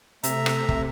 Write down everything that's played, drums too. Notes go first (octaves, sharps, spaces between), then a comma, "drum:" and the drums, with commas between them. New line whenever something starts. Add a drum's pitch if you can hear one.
C3 A3 E5 A#5, drum: hi-hat
drum: rim click
drum: kick